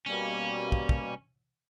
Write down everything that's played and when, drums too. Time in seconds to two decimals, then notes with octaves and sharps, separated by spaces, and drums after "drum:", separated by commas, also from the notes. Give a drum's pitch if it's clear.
0.06 B2 G3 A#3 C#4
0.72 drum: kick
0.89 drum: kick